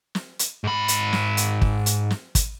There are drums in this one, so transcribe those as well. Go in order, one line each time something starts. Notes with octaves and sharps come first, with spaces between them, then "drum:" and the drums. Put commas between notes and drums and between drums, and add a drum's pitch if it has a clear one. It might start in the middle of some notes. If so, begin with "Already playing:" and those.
drum: snare
drum: hi-hat
G#2 B5
drum: hi-hat
drum: snare
drum: hi-hat
drum: kick
drum: hi-hat
drum: snare
drum: kick, hi-hat